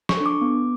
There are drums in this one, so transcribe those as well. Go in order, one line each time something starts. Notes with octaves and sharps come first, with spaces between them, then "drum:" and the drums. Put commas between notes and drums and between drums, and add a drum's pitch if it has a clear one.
C#6, drum: snare
D4 A4
D6
B3